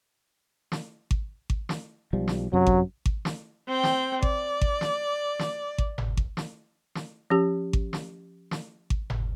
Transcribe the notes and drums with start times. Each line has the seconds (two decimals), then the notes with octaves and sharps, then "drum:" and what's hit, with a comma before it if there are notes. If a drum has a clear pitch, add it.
0.72 drum: snare
1.11 drum: kick G#1
1.50 drum: kick G#1
1.69 drum: snare
2.13 B1 F3 G3
2.28 drum: snare
2.53 F#2 C3 F#3
2.67 drum: kick G#1
3.06 drum: kick G#1
3.25 drum: snare
3.68 C4 G5
3.83 drum: snare
4.22 D5, drum: kick G#1
4.61 drum: kick G#1
4.81 drum: snare
5.39 drum: snare
5.78 drum: kick G#1
5.98 drum: tom G1
6.17 drum: kick G#1
6.37 drum: snare
6.95 drum: snare
7.30 F3 C#4 G4
7.73 drum: kick G#1
7.93 drum: snare
8.51 drum: snare
8.90 drum: kick G#1
9.10 drum: tom G1